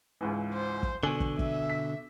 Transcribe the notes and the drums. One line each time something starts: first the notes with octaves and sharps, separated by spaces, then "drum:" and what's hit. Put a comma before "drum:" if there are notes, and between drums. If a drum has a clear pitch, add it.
C#2 G#2 E3
C5
drum: kick
B2 D3 G#5 C#6 F#7 G7
drum: kick
E5, drum: kick
B6